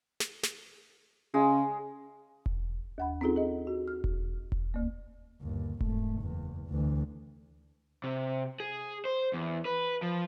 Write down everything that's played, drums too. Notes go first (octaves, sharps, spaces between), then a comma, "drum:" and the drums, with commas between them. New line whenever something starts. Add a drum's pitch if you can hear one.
drum: snare
drum: snare
C#3 G#3
drum: kick E1
D#2 F#5 B5
C4 C#4 D#4 F4 G#4 A4
G#4 D#5
F#4
F6
drum: kick E1
drum: kick E1
D2 A#3
G1 D#2
G#1 A3, drum: kick E1
F#1 E2
D2 E3
C3
G#4
C5
E2
B4
F3